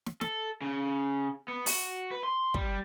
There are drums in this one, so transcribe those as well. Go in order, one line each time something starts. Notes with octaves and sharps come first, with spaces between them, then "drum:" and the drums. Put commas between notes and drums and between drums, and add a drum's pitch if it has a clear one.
drum: snare
A4, drum: snare
C#3
B3
F#4, drum: open hi-hat
B4
C6
G3, drum: kick